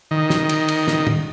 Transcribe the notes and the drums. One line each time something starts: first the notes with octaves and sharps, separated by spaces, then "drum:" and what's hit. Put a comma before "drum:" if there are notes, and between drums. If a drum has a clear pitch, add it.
D#3
drum: snare
drum: cymbal
drum: cymbal
drum: snare
drum: tom